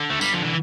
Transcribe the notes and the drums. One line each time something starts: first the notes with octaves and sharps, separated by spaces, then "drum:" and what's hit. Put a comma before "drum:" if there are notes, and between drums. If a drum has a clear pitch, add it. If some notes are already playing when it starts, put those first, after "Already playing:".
Already playing: D3
A3
G3, drum: tambourine
F3
E3